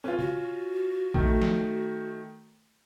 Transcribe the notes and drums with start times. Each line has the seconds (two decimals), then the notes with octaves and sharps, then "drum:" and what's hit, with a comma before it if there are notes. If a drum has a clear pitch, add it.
0.04 C#4 F4 B4
0.19 F#4, drum: tom
1.14 D#3 A3, drum: kick
1.42 drum: snare